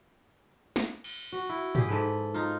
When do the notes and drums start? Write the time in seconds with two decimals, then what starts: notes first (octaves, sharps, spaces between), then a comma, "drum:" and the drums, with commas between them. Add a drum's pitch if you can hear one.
0.76 drum: snare
1.04 drum: cymbal
1.33 F#4
1.49 E4
1.75 G4 G#4, drum: tom
1.89 G#2 A4 B4
2.34 D#4 F4